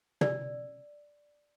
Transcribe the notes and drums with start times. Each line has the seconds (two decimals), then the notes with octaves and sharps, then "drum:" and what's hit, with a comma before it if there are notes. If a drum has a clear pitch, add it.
0.21 D5 E6, drum: tom